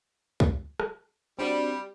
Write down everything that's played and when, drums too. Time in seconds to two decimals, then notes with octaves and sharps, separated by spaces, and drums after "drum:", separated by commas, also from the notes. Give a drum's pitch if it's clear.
0.40 drum: kick
0.80 drum: rim click
1.39 G3 C4 D4 F#4